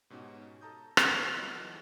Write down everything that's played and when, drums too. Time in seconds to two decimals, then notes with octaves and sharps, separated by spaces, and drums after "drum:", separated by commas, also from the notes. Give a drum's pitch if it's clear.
0.10 G#2 B2 C#4 D#4 F#4 G4
0.61 A4 A5 A#5 D#6 G6
0.97 drum: rim click
1.34 G3 B3 D#4 F4 F#4
1.52 E3 F#3 G#4 A4